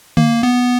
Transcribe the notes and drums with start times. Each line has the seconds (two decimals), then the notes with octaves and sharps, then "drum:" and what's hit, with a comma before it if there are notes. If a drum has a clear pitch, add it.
0.17 A#3, drum: tom D3
0.43 B3